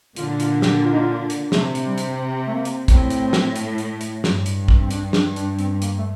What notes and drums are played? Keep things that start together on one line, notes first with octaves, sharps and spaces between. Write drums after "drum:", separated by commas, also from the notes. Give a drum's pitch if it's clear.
A#2 D3 F4, drum: hi-hat
F4, drum: hi-hat
G4, drum: snare
F4
D#4
F4
drum: hi-hat
C3 A3, drum: snare
drum: hi-hat
G3
drum: hi-hat
A3
A#3
drum: hi-hat
A2 C4, drum: kick, hi-hat
drum: hi-hat
drum: snare
drum: hi-hat
drum: hi-hat
drum: hi-hat
G2, drum: snare
drum: hi-hat
drum: kick
C4
D4, drum: hi-hat
D4, drum: snare
D4, drum: hi-hat
C4, drum: hi-hat
A#3, drum: hi-hat
A3